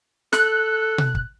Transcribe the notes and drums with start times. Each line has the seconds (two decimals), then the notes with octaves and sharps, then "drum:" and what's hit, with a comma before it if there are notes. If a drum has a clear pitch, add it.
0.33 A4 F#6, drum: snare
0.98 drum: tom B2
1.15 drum: kick